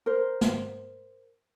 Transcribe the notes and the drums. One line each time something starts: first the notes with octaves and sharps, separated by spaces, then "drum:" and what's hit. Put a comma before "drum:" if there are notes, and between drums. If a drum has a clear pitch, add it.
A#4 C5
drum: snare